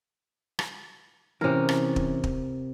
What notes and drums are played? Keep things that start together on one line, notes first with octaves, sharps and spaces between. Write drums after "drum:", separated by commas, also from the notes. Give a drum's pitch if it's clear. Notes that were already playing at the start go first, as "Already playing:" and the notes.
drum: rim click
C3 E3 C#4 A#4
drum: rim click
drum: kick
drum: kick